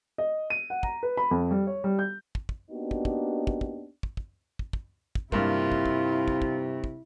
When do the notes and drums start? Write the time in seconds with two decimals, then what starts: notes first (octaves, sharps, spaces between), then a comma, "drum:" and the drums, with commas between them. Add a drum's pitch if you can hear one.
0.18 D#5
0.50 D#7
0.70 F#5
0.83 A#5, drum: kick
1.03 B4
1.17 B5
1.31 F2
1.51 G3
1.67 C#5
1.84 G3
1.99 G6
2.35 drum: kick
2.49 drum: kick
2.71 A#3 B3 D4 D#4 F#4 G4
2.91 drum: kick
3.05 drum: kick
3.47 drum: kick
3.61 drum: kick
4.03 drum: kick
4.17 drum: kick
4.59 drum: kick
4.73 drum: kick
5.15 drum: kick
5.32 G2 C3 A#3 E4 F4, drum: kick
5.72 drum: kick
5.86 drum: kick
6.28 drum: kick
6.42 drum: kick
6.84 drum: kick